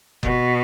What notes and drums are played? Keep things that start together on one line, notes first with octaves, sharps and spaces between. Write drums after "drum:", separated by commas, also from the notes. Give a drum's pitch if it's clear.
B2, drum: kick F#1